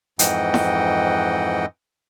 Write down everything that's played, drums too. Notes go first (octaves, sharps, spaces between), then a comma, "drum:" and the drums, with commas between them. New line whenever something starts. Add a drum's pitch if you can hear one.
F2 G#2 E3 D#5 F#5 G5, drum: hi-hat
drum: snare E4